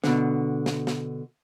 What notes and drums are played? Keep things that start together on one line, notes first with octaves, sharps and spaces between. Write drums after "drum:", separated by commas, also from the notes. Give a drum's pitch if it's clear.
B2 D3, drum: snare
drum: snare
drum: snare